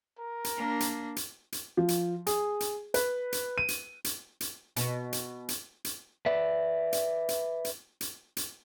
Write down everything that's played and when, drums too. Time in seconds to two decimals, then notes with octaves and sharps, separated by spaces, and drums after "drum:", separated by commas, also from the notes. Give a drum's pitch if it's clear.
0.19 A#4
0.44 drum: hi-hat
0.56 A#3 D4
0.80 drum: hi-hat
1.16 drum: hi-hat
1.52 drum: hi-hat
1.77 F3
1.88 drum: hi-hat
2.27 G#4, drum: hi-hat
2.60 drum: hi-hat
2.94 B4, drum: hi-hat
3.32 drum: hi-hat
3.58 D#7
3.68 drum: hi-hat
4.04 drum: hi-hat
4.40 drum: hi-hat
4.77 B2, drum: hi-hat
5.13 drum: hi-hat
5.49 drum: hi-hat
5.85 drum: hi-hat
6.26 B4 D5 E5
6.93 drum: hi-hat
7.29 drum: hi-hat
7.65 drum: hi-hat
8.01 drum: hi-hat
8.37 drum: hi-hat